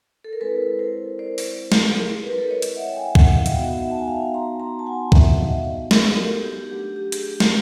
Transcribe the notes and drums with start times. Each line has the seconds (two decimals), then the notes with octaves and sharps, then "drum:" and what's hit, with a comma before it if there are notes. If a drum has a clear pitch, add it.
0.24 A4
0.33 A#4
0.41 G#3 C4 E4 A4 B4
0.79 A#4 C5
1.19 C5 D5
1.38 drum: open hi-hat
1.72 G4 A4, drum: snare
1.98 G#4 A#4
2.24 B4
2.31 A#4
2.38 A4 B4
2.51 C#5 D#5
2.62 drum: hi-hat
2.76 E5 F#5
2.90 G5
2.97 F#5 G#5
3.15 E5 F#5, drum: kick
3.35 D#5 F5
3.46 G5, drum: hi-hat
3.55 B3 D#4 F#4 E5 F#5
3.81 E5 F#5
3.91 A5
3.99 G#5
4.08 F5 G5
4.34 A#5 C6
4.60 A#5 C6
4.79 A5
4.87 F#5 G#5
5.12 E5 F#5, drum: kick
5.28 E5
5.38 D#5 F5
5.91 G#4 A#4, drum: snare
6.17 G4 A4
6.44 G4
6.70 F#3 A3 D4 G4
6.96 G4
7.12 G#4, drum: hi-hat
7.23 G4
7.40 drum: snare